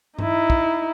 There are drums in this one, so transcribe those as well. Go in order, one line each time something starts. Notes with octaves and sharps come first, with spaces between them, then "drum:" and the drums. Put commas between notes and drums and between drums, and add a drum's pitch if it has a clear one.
D#4 E4, drum: tom G2
drum: kick